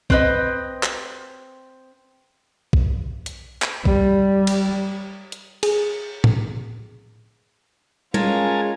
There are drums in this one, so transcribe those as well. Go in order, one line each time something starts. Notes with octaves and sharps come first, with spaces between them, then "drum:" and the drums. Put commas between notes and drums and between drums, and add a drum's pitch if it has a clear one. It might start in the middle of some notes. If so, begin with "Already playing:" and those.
C4 B4 D#5, drum: kick A#1
drum: clap
drum: kick A#1
drum: hi-hat
drum: clap
G3, drum: kick A#1
drum: cymbal
drum: hi-hat
G#4, drum: cymbal
drum: tom A2
G#3 C#4 F4 A#4 G#5 A5, drum: tom G3